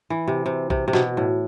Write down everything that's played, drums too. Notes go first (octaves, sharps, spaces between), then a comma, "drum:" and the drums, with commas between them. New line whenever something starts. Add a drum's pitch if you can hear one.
E3
C3
C3
C3, drum: kick A#1
C3
B2, drum: snare
A2